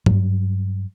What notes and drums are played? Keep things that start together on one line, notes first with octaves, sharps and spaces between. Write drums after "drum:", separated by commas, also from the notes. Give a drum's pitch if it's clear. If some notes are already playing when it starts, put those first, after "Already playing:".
G2 F#3, drum: tom